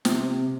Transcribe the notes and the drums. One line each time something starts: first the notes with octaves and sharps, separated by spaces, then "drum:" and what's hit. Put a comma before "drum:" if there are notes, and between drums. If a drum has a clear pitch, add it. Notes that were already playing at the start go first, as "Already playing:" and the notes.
C3, drum: snare